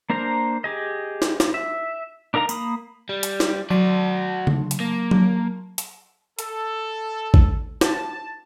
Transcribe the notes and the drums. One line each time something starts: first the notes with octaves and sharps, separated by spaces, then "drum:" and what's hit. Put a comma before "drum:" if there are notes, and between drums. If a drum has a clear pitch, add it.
A#3 D4 A#4 C5 A#5
G4 G#4 D#5
drum: snare
drum: snare
E5
D4 D#4 A#4 F5 A#5
A#3 B5 D#6, drum: tambourine
G3
drum: hi-hat
drum: snare
F#3 F#4 D5 A5 C6
drum: tom C#3
drum: hi-hat
A#3
drum: tom F#3
drum: hi-hat
A4, drum: hi-hat
drum: kick A1
A5, drum: snare